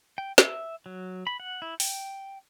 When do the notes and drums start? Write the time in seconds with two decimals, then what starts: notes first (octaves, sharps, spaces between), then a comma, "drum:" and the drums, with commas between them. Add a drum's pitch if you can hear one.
0.18 G5
0.38 E5, drum: snare
0.86 F#3
1.27 B5
1.40 F#5
1.62 E4
1.80 G5, drum: open hi-hat